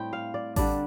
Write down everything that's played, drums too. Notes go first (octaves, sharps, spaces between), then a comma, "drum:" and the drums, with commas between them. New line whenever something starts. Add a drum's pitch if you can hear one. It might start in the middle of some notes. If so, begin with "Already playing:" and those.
Already playing: A2 G3 C4 G5
F5
D5
D3 G3 D4 D5, drum: kick A1, open hi-hat